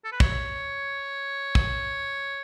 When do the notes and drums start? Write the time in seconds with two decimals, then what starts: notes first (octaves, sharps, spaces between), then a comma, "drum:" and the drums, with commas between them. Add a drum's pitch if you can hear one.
0.04 A4
0.12 B4
0.20 C#5, drum: kick
1.55 drum: kick